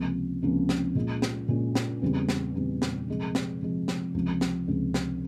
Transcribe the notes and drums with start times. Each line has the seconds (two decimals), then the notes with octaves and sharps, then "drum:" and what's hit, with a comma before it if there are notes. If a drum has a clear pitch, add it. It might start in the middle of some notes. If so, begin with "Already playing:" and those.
Already playing: C#2 C3 F3 A#3 C#4
0.42 C#2 C3 F3 A#3 C#4
0.69 drum: snare
0.95 A#2 G#3 C#4 F4
1.22 drum: snare
1.48 A#2 G#3 C#4 F4
1.75 drum: snare
2.02 E2 C#3 G3 C4
2.29 drum: snare
2.55 E2 C#3 G3 C4
2.82 drum: snare
3.08 C3 F3 G#3
3.35 drum: snare
3.62 C3 F3 G#3
3.88 drum: snare
4.14 C#2 C3 F3
4.41 drum: snare
4.68 C#2 C3 F3
4.94 drum: snare